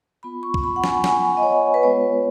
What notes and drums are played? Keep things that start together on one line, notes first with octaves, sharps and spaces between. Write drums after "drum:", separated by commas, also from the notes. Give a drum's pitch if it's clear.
B3 F4 B5
C#6
drum: kick
B5
F#5
G#5, drum: snare
G#5, drum: snare
D#5
C#5
B4
G#3 B3 F4 C#5